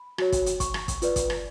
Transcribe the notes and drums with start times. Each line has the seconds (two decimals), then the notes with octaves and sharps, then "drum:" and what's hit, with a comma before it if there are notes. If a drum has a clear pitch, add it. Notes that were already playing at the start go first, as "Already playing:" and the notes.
Already playing: B5
0.18 F#4 C#5, drum: rim click
0.32 drum: kick, hi-hat
0.46 drum: hi-hat
0.60 C#6, drum: kick, hi-hat
0.74 drum: rim click
0.88 drum: kick, hi-hat
1.02 F4 B4 D5, drum: hi-hat
1.16 drum: kick, hi-hat
1.30 drum: rim click